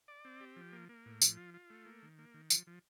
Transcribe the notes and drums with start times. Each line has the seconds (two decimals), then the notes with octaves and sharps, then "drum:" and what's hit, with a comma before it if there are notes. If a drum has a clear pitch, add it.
0.08 D5
0.25 C4
0.40 G4
0.56 F3
0.73 A#3
0.89 A#3
1.06 A2
1.22 F3, drum: tambourine
1.37 F4
1.54 F4
1.70 A3
1.86 A#3
2.03 D#3
2.19 A#3
2.34 D#3
2.50 F3, drum: tambourine
2.67 F3